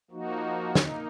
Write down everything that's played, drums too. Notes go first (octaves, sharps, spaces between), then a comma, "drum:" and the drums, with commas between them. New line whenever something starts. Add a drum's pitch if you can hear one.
F3 A#3 D#4 F#4
A#3 D#4, drum: snare